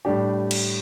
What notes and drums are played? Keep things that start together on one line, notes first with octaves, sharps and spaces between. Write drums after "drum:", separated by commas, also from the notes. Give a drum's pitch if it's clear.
A2 G3 D4 G4
drum: cymbal